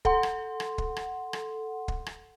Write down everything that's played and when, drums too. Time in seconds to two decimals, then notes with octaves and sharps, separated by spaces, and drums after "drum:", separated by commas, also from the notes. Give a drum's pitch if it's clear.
0.05 A4 F#5 C6, drum: kick
0.23 drum: rim click
0.60 drum: rim click
0.78 drum: kick
0.96 drum: rim click
1.33 drum: rim click
1.88 drum: kick
2.06 drum: rim click